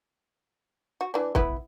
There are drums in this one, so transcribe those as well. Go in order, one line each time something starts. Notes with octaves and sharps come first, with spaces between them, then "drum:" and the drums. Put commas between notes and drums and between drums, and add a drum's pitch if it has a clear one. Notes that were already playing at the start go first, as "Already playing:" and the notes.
F#4
E3 D4
B3 E4 B4, drum: kick